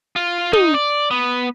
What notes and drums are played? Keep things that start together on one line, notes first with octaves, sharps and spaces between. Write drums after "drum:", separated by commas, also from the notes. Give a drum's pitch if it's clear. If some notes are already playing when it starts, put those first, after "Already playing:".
F4
D#4, drum: tom
D5
B3